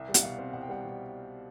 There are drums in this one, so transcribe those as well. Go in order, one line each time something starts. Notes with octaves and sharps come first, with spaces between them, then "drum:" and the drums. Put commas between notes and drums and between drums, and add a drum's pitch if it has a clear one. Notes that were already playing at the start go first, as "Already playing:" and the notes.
Already playing: C2 E5
G3
F#5, drum: hi-hat
B2 F5
C4
C2 F#5
G5
G3 F#5
B2